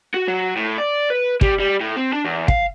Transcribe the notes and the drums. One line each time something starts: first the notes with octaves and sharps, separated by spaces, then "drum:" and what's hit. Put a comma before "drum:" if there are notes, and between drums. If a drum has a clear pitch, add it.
F#4
F#3
A2
D5
B4
G3, drum: kick
G3
A2
C4
D4
E2
F5, drum: kick